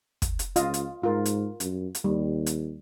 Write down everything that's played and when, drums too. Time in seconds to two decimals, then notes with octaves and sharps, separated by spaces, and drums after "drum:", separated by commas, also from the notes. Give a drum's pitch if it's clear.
0.22 drum: kick, hi-hat
0.39 drum: hi-hat
0.56 C#2 F4 D#5 F5, drum: hi-hat
0.74 drum: hi-hat
1.04 G#2 F4 A#4
1.25 drum: hi-hat
1.60 F#2, drum: hi-hat
1.95 drum: hi-hat
2.04 D#2 G3
2.46 drum: hi-hat